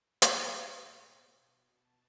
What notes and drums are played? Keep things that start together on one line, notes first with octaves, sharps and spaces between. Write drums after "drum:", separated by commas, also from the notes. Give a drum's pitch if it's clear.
A2 E3, drum: hi-hat
B5
B2
B2 A5
A5